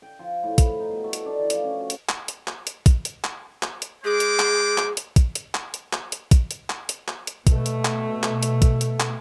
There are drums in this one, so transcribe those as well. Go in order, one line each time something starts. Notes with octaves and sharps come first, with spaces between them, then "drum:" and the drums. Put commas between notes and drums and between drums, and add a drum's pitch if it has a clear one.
G5
F3
A2
B4, drum: kick, hi-hat
D#4
B2
A3
drum: hi-hat
D4
E3
F3, drum: hi-hat
C#4
F#4
drum: hi-hat
drum: clap
drum: hi-hat
drum: clap
drum: hi-hat
drum: kick, hi-hat
drum: hi-hat
drum: clap
drum: clap
drum: hi-hat
G#3 G#4 C5 D6
drum: hi-hat
drum: clap
drum: clap
drum: hi-hat
drum: kick, hi-hat
drum: hi-hat
drum: clap
drum: hi-hat
drum: clap
drum: hi-hat
drum: kick, hi-hat
drum: hi-hat
drum: clap
drum: hi-hat
drum: clap
drum: hi-hat
B2 A3, drum: kick, hi-hat
drum: hi-hat
drum: clap
drum: clap
drum: hi-hat
drum: kick, hi-hat
drum: hi-hat
drum: clap